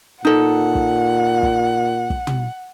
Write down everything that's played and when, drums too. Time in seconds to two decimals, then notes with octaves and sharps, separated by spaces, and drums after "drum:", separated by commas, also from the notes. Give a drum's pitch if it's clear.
0.25 A#2 D#4 A4 F#5
0.75 drum: kick
1.43 drum: kick
2.10 drum: kick
2.27 drum: tom